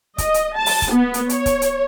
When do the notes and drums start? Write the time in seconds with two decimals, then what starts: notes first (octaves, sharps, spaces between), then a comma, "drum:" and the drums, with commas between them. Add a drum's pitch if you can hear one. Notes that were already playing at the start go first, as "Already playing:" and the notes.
0.18 D#5, drum: kick C#1, hi-hat
0.34 drum: hi-hat
0.57 A5
0.66 drum: open hi-hat
0.82 drum: kick C#1, hi-hat
0.91 B3
1.14 drum: hi-hat
1.29 C#5, drum: hi-hat
1.46 drum: kick C#1, hi-hat
1.62 drum: hi-hat